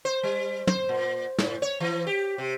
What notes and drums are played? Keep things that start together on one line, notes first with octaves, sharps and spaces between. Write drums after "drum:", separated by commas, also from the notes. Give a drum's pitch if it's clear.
C5
G3
C5, drum: tom
A#2
A2, drum: snare
C#5
E3
G4
C3